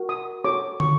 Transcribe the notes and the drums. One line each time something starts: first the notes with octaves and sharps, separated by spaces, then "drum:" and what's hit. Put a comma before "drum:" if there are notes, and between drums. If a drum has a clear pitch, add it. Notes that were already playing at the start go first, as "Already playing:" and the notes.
Already playing: F#4 A#4
D#6
F#4 A4 C#5 D6
C#6, drum: tom